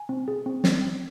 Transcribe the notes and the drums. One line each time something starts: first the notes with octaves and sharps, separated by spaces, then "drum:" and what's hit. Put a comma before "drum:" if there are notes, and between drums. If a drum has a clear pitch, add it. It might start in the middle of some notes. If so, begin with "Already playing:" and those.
Already playing: G#5
C4
G#4
C4
C4, drum: snare
C4